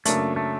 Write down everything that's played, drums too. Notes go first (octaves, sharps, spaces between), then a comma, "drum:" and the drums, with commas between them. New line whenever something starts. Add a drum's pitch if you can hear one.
F#2 C#3 F#3 A3 A#3 D4, drum: hi-hat
A3